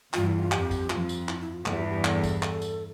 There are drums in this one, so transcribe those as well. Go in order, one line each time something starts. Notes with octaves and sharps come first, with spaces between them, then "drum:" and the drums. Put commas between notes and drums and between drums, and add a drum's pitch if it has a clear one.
E2 G2 F4, drum: clap
E4
F4
F2 G4, drum: clap
drum: kick, tambourine
F2 F4, drum: clap
drum: tambourine
E4, drum: clap
E4
F4
E2 G2 A4, drum: clap
G4
F4
G4
A4, drum: clap
drum: kick, tambourine
A4, drum: clap
drum: tambourine